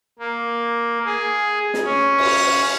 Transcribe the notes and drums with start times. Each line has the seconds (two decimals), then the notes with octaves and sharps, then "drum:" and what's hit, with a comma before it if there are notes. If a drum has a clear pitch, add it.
0.19 A#3
1.05 G#4
1.74 drum: snare
1.85 C#4
2.18 drum: cymbal